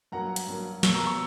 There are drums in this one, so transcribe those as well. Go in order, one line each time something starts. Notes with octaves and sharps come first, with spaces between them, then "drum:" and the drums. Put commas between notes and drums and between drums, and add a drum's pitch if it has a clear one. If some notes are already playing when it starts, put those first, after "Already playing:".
G2 F#3 A#3 F#5 A#5
drum: hi-hat
G2 F#3 A#3
B2 F#3 A#3 C#6 E6, drum: snare
A#5 C#6
C#6 E6